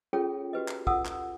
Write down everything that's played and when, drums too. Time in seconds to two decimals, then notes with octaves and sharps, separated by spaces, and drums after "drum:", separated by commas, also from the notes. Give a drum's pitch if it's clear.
0.13 C#4 F4 G#4 A4 C#5 G5
0.53 F#4 G4 B4 D#5
0.68 drum: clap
0.87 F4 A4 F#5 D#6 E6, drum: kick
1.05 drum: clap